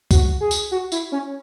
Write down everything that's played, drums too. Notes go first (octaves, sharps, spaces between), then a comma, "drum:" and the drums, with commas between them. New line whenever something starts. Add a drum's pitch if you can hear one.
F#4, drum: kick, tambourine
G#4
drum: tambourine
F#4
E4, drum: tambourine
C#4